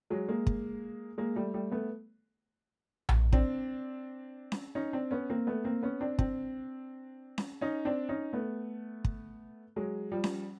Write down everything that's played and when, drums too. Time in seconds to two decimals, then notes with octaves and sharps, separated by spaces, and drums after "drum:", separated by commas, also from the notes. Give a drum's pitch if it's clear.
0.10 F#3 G#3
0.28 G#3 A#3
0.47 drum: kick
1.18 G#3 A#3
1.36 G3 A3
1.54 G3 A3
1.71 A3 B3
3.09 drum: tom A#1
3.32 C4 D4, drum: kick
4.52 drum: snare C#4
4.75 C#4 D#4
4.93 C4 D4
5.11 B3 C#4
5.30 A#3 C4
5.47 A3 B3
5.65 A#3 C4
5.83 B3 C#4
6.01 C4 D4
6.19 C4 D4, drum: kick
7.38 drum: snare C#4
7.61 C#4 D#4
7.85 C4 D4
8.09 C#4 D#4
8.33 A3 B3
9.04 drum: kick
9.76 F#3 G#3
10.11 F3 G3
10.24 drum: snare C#4